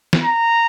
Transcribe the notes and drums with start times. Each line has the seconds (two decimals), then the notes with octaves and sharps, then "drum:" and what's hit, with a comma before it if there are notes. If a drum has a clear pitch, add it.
0.13 drum: snare
0.24 A#5